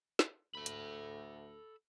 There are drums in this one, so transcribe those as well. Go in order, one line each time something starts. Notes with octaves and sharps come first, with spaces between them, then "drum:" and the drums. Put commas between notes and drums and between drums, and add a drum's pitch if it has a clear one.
drum: snare
D2 A4 B5
drum: hi-hat